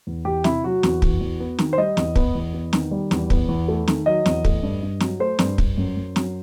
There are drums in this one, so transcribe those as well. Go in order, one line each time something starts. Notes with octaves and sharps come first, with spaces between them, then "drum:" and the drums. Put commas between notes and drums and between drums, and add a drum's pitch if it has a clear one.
E2
E2 G4
C3 E4, drum: snare
F#3 F#4
E2, drum: snare
E2, drum: kick
E2
B3
D#3, drum: snare
C5
G3 D#5
E2, drum: snare
B3, drum: kick
E2
B3
D#3, drum: snare
G3
E2, drum: snare
B3, drum: kick
E2
A3
D#3, drum: snare
F#3 D#5
E2, drum: snare
A3, drum: kick
G2
G2
F#3, drum: snare
A3 C5
G2, drum: snare
G2, drum: kick
F#2
F#2
F#3, drum: snare